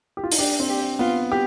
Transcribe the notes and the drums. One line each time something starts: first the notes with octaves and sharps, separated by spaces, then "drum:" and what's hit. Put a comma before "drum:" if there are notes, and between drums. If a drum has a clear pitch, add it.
G4
F4
D#4, drum: open hi-hat
D4 G4
C4
G4
B3 F4
G4